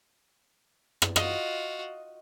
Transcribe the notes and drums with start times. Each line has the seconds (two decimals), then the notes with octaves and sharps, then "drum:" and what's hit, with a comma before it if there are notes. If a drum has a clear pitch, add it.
1.02 drum: rim click
1.16 F4 F#4 D#5, drum: rim click